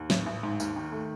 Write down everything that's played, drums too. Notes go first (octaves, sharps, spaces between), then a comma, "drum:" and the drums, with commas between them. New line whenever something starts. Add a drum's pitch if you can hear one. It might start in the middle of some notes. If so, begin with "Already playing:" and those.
Already playing: D#2
A1, drum: snare
A1
G#2
D#2, drum: tambourine
D#3
A3